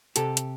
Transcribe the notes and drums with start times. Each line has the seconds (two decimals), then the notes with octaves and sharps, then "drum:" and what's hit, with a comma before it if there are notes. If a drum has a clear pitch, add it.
0.16 C3 G4 A4, drum: hi-hat
0.37 drum: hi-hat